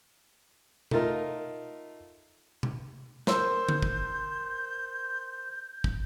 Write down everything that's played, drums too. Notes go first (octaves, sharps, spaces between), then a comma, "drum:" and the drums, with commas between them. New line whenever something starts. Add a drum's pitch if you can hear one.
A3 D#4 F4 A#4, drum: tom B2
drum: tom B2
A#4 C5 E6 G6, drum: snare
drum: tom D3
drum: kick
drum: kick